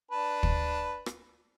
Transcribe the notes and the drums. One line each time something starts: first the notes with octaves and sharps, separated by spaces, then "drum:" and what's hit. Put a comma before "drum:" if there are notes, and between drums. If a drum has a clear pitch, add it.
D4 B4 A5
drum: kick
drum: rim click